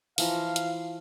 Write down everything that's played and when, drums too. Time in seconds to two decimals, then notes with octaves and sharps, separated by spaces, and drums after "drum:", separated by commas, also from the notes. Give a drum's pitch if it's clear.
0.18 E3 F3 F5 A#5, drum: open hi-hat
0.56 drum: hi-hat